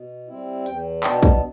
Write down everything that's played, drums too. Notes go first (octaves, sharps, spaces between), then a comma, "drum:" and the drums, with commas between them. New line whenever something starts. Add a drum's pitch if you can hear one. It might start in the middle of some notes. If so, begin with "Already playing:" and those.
Already playing: B2
G3 C4 E4
E2 G5, drum: hi-hat
B2 B3 D4 G5, drum: clap
drum: kick, hi-hat